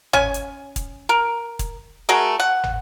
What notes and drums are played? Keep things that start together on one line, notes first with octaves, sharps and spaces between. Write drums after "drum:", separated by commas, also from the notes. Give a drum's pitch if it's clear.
C#4 G#5, drum: tom
drum: hi-hat
drum: kick, hi-hat
A#4
drum: kick, hi-hat
A3 F#4 G#4 A#4
F#5
drum: tom